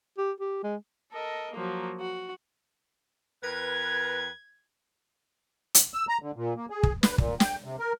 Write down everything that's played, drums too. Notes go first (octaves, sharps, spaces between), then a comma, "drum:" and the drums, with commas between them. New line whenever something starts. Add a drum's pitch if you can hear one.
G4
G4
G#3
A4 A#4 D#5
F3 F#3 A#3
F#4
F2 A#4 B4 G#6
drum: hi-hat
E6
A#5
D3
A#2
A#3
G#4
drum: kick
B4, drum: snare
A#2, drum: kick
G5, drum: snare
C3
A#4